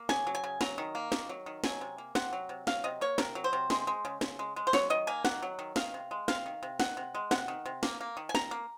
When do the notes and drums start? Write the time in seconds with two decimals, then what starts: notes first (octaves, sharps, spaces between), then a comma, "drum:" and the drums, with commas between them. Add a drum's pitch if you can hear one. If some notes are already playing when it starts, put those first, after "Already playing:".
Already playing: A#3
0.09 C#3 G#5, drum: snare
0.27 F#3
0.35 G#5
0.44 C#3
0.61 F#3 A#5, drum: snare
0.78 D#3
0.95 A#3
1.12 D#3, drum: snare
1.29 F#3
1.46 D#3
1.64 F#3 G#5, drum: snare
1.81 C3
1.98 A#3
2.15 C3 F#5, drum: snare
2.33 F#3
2.49 C3
2.67 F#3 F5, drum: snare
2.84 C3 D#5
3.01 A#3 C#5
3.18 C3 A#4, drum: snare
3.35 F#3
3.44 C5
3.53 C3
3.70 G#3, drum: snare
3.87 G#3
4.05 C#3
4.21 C#3, drum: snare
4.39 G#3
4.56 G#3
4.67 C5
4.73 F#3 C#5, drum: snare
4.90 D#3 D#5
5.07 A#3 G#5
5.25 D#3 F#5, drum: snare
5.42 F#3
5.59 D#3
5.76 D#3 F5, drum: snare
5.94 C3
6.11 G#3
6.28 C3 F5, drum: snare
6.46 D#3
6.63 C3
6.80 D#3 F#5, drum: snare
6.97 C3
7.15 G#3
7.31 C3 F#5, drum: snare
7.48 D#3
7.66 C3
7.83 A#3, drum: snare
8.01 A#3
8.17 D#3
8.29 G#5
8.35 D#3 A#5, drum: snare
8.51 A#3